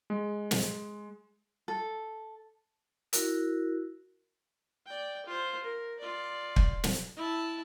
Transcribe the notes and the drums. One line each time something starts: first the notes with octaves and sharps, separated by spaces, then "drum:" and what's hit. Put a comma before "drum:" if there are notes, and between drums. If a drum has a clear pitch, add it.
G#3
drum: snare
A4
E4 F#4 A#4, drum: hi-hat
D5 G5
F4 C5
A#4
F4 D5
drum: kick
drum: snare
E4 A5